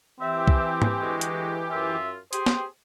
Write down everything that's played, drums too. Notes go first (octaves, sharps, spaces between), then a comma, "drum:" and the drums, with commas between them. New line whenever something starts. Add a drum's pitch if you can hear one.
E3 C4 G4 E5
drum: kick
drum: tom G#2
D2 G#3 F#4
drum: hi-hat
F#2 F4 E5
G4 G#4 C5, drum: hi-hat
drum: snare